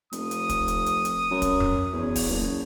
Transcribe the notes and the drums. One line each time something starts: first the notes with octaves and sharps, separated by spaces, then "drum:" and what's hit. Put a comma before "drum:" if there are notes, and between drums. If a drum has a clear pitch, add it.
F1 D#6, drum: hi-hat
drum: hi-hat
drum: kick, hi-hat
drum: hi-hat
drum: hi-hat
drum: hi-hat
F#2
drum: kick, hi-hat
drum: tom F2
E2 C#5
drum: kick, open hi-hat
F#1